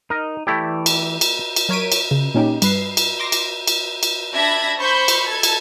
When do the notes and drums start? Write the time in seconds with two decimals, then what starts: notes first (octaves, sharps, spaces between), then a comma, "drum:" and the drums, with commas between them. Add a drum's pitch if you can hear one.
0.10 D#4 A#4 D#5
0.47 E3 A3 E4 G4 D5
0.86 drum: cymbal
1.21 drum: cymbal
1.56 drum: cymbal
1.69 F#3 A#4 C#5 B6 D7 D#7
1.92 drum: cymbal
2.11 C#3
2.34 A#2 C#4 D#4 G4
2.62 G2 B4 C7, drum: cymbal
2.97 drum: cymbal
3.19 C6 D6 A#6
3.32 drum: cymbal
3.67 drum: cymbal
4.03 drum: cymbal
4.34 D4 E5 A5 B5 G#6 A#6
4.79 C5 B5 C#6 G6
5.08 drum: cymbal
5.27 A4 G#6
5.43 drum: cymbal